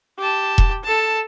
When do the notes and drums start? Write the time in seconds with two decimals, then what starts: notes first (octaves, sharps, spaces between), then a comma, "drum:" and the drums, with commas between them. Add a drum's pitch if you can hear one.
0.19 G4 A5
0.58 drum: kick E1
0.83 A4 A5